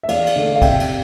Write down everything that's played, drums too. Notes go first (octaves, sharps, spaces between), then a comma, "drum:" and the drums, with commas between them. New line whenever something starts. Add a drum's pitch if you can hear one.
E5
E2 D5 F5, drum: cymbal
drum: cymbal
D3 A3
F5
C3 E5 G5, drum: kick, cymbal
drum: cymbal